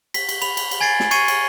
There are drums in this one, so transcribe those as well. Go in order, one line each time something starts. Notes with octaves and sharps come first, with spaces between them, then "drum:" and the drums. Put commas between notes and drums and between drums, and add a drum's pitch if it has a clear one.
B6, drum: cymbal
drum: cymbal
B5 F7, drum: cymbal
drum: cymbal
drum: cymbal
G#5 G#6 A6 C7 D7
drum: snare
C#6 G#6 C7 C#7 D#7, drum: cymbal
drum: cymbal